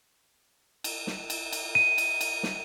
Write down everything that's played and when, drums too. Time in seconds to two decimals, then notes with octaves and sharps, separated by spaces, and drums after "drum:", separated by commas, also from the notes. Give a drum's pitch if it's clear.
0.84 drum: cymbal
1.07 drum: snare
1.30 drum: cymbal
1.52 drum: cymbal
1.75 D#7
1.98 drum: cymbal
2.21 drum: cymbal
2.43 drum: snare